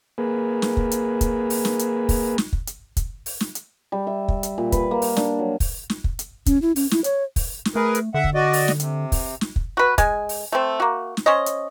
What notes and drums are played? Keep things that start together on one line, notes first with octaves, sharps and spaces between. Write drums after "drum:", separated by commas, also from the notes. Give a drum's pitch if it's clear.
A#3 G#4 B4
drum: snare
drum: kick
drum: hi-hat
drum: kick, hi-hat
drum: open hi-hat
drum: snare
drum: hi-hat
drum: kick, open hi-hat
drum: snare
drum: kick
drum: hi-hat
drum: kick, hi-hat
drum: open hi-hat
drum: snare
drum: hi-hat
G3
E5
drum: kick
drum: hi-hat
A#2
B4, drum: kick, hi-hat
A#3
drum: open hi-hat
D4, drum: snare
F#3
drum: kick, open hi-hat
drum: snare
drum: kick
drum: hi-hat
C#4, drum: kick, hi-hat
E4
C#4, drum: open hi-hat
E4, drum: snare
C#5, drum: hi-hat
drum: kick, open hi-hat
drum: snare
A3 G#4 A#4 B4
drum: hi-hat
D3 E5 F#5
drum: kick
F#4 D5 D#5
drum: open hi-hat
drum: snare
C3, drum: hi-hat
drum: kick, open hi-hat
drum: snare
drum: kick
F#4 B4
G#3 G#5, drum: kick, hi-hat
drum: open hi-hat
A3 C4
A#3 F#4
drum: snare
C#4 C5 C#5 D#5
drum: hi-hat